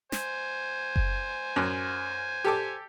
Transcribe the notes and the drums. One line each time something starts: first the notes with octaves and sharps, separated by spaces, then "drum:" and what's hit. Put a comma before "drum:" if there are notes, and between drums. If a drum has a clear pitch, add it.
C5 G#5, drum: snare
drum: kick F#1
F#2
G4 A4 D6